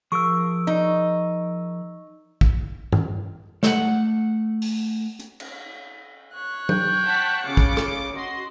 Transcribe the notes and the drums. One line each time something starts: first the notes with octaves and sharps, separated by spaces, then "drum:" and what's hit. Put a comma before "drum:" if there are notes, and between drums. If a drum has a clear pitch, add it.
F3 G#4 A#4 C#6 E6
D#4
drum: kick
drum: tom G2
A3 F#5, drum: snare
drum: open hi-hat
drum: hi-hat
drum: cymbal
C#5 F#6
G5, drum: tom F#3
F#5 A5 B6
C#3 F4 D6 C#7
drum: kick
drum: rim click
F#4 D#5 C6